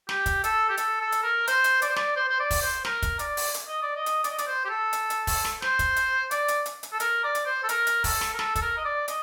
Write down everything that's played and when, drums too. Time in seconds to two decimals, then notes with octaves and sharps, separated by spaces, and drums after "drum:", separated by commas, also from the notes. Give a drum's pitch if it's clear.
0.09 G4, drum: snare
0.26 drum: kick, hi-hat
0.44 A4, drum: hi-hat
0.69 G4
0.77 A4, drum: hi-hat
1.00 A4
1.12 drum: hi-hat
1.23 A#4
1.47 C5, drum: hi-hat
1.64 drum: hi-hat
1.82 D5, drum: hi-hat
1.89 C5
1.96 D5, drum: snare
2.16 C5
2.29 C5
2.39 D5
2.51 drum: kick, open hi-hat
2.62 C5
2.85 A#4, drum: snare
3.02 drum: kick, hi-hat
3.19 D5, drum: hi-hat
3.37 drum: open hi-hat
3.54 drum: hi-hat
3.67 D#5
3.82 D5
3.96 D#5
4.06 drum: hi-hat
4.24 D5, drum: hi-hat
4.30 D#5
4.38 D5, drum: hi-hat
4.47 C5
4.65 G4
4.69 A4
4.93 drum: hi-hat
5.10 drum: hi-hat
5.27 drum: kick, open hi-hat
5.45 drum: snare
5.62 C5, drum: snare
5.79 drum: kick, hi-hat
5.96 drum: hi-hat
6.31 D5, drum: hi-hat
6.48 drum: hi-hat
6.66 drum: hi-hat
6.83 drum: hi-hat
6.93 A4
7.00 A#4, drum: hi-hat
7.24 D5
7.35 drum: hi-hat
7.46 C5
7.63 A4
7.69 A#4, drum: hi-hat
7.87 drum: hi-hat
8.04 A4, drum: kick, open hi-hat
8.21 drum: snare
8.34 A#4
8.39 A4, drum: snare
8.55 A4, drum: kick, hi-hat
8.61 A#4
8.77 D#5
8.85 D5
9.08 D#5, drum: hi-hat